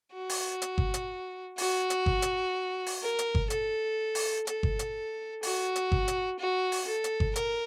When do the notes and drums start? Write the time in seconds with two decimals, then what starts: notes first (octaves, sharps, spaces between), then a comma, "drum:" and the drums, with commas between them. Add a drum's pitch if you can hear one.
0.14 F#4
0.29 drum: open hi-hat
0.62 drum: hi-hat
0.78 drum: kick G1
0.94 drum: hi-hat
1.58 F#4, drum: open hi-hat
1.90 drum: hi-hat
2.06 drum: kick G1
2.22 drum: hi-hat
2.86 drum: open hi-hat
3.02 A#4
3.19 drum: hi-hat
3.35 drum: kick G1
3.50 A4, drum: hi-hat
4.15 drum: open hi-hat
4.47 A4, drum: hi-hat
4.63 drum: kick G1
4.79 drum: hi-hat
5.43 F#4, drum: open hi-hat
5.76 drum: hi-hat
5.92 drum: kick G1
6.08 drum: hi-hat
6.39 F#4
6.72 drum: open hi-hat
6.87 A4
7.04 drum: hi-hat
7.20 drum: kick G1
7.36 A#4, drum: hi-hat